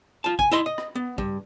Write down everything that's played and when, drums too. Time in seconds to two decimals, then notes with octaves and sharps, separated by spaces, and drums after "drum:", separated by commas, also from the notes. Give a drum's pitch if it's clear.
0.24 F4 A5
0.39 G#5, drum: kick
0.51 E4 D#5 C6
0.66 D#5
0.78 drum: rim click
0.95 B3
1.18 G2, drum: kick